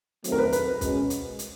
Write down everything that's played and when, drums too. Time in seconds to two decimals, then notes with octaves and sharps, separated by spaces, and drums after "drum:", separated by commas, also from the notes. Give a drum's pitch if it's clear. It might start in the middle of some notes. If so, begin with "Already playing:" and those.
0.24 D#3 F#3 A3 C4, drum: hi-hat
0.32 A#4
0.38 B4
0.52 B4, drum: hi-hat
0.81 B2 G#3 C#4, drum: kick, hi-hat
1.10 drum: hi-hat
1.39 drum: hi-hat